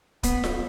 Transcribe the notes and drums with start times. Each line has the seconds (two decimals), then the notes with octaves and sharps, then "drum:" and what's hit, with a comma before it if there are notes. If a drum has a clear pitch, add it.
0.23 B3, drum: kick, hi-hat
0.44 drum: snare F4